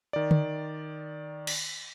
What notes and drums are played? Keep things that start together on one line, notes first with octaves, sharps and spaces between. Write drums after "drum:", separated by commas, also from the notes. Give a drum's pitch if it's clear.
D#3 D5
drum: tom D3
drum: cymbal